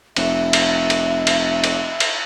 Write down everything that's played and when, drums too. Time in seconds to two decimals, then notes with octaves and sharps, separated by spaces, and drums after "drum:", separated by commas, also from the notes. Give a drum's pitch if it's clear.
0.16 F1 E5, drum: cymbal
0.53 drum: cymbal
0.90 drum: cymbal
1.27 drum: cymbal
1.64 drum: cymbal
2.00 drum: cymbal